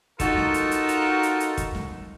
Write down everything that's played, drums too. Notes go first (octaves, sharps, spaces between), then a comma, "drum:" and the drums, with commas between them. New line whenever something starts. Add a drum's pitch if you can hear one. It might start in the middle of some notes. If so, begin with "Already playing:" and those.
D#4 F4 F#4 A4 A#4, drum: kick, hi-hat
drum: snare
drum: hi-hat
drum: hi-hat
drum: hi-hat
drum: hi-hat
drum: hi-hat
drum: kick, hi-hat
drum: snare